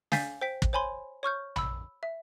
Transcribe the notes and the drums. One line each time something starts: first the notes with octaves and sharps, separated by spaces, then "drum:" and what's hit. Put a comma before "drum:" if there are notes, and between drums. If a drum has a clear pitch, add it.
F5 G#5 G6 A6 B6 C7, drum: snare
C5 G5 B6
drum: kick
C5 C#5 G#5 B5 C6
C#5 C#6 F6 G6
B5 E6, drum: tom A#1
E5